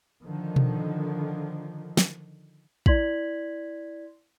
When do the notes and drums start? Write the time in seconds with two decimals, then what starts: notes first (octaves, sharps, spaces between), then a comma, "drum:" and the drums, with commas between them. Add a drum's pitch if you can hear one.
0.23 D3 D#3 F3
0.56 drum: tom B2
1.97 drum: snare
2.86 E4 D5 C6 G#6 B6 F#7, drum: kick